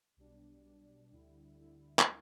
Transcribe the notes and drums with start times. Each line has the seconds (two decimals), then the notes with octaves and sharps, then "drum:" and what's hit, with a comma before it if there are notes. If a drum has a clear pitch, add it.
0.17 B1 B2 G3 D4
0.64 B1 B2 G3 D4
1.12 D2 D3 G3 E4
1.60 D2 D3 G3 E4
1.99 drum: clap